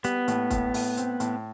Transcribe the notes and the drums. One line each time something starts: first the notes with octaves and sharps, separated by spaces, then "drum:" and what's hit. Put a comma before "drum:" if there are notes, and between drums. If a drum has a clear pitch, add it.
G3 B3, drum: hi-hat
A2, drum: hi-hat
A2, drum: kick, hi-hat
A2, drum: open hi-hat
C4, drum: hi-hat
A2, drum: hi-hat